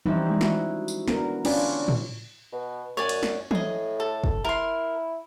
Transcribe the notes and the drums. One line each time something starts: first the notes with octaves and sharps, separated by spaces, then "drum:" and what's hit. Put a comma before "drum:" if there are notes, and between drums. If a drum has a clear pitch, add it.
E3 F3 G3 C4 C#4 D#4
G#3 E4
E4 F#4, drum: snare
drum: tambourine
B3 D4 A#4, drum: snare
C#4 D4 F4 B4 D5 G#5, drum: cymbal
drum: tom A2
B2
F#2 C#5 D5 G#5
drum: cymbal
drum: snare
A2 G#4 D#5, drum: tom E3
A4
drum: kick
E4 A#4 C6